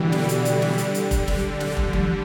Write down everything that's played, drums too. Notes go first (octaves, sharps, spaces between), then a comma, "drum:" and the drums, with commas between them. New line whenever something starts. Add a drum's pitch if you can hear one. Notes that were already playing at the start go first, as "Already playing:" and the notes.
Already playing: B2 D3 E3 G3
D3 G3, drum: snare
drum: hi-hat
drum: hi-hat
drum: snare
D3 G3, drum: hi-hat
drum: hi-hat
drum: kick F1, hi-hat
drum: snare
drum: snare
drum: kick F1
drum: tom E3